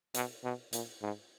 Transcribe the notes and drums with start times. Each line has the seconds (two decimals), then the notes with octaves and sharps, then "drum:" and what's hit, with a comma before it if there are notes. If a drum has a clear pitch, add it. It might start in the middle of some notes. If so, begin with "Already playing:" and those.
0.15 B2, drum: hi-hat
0.44 B2
0.73 A#2, drum: hi-hat
1.02 G#2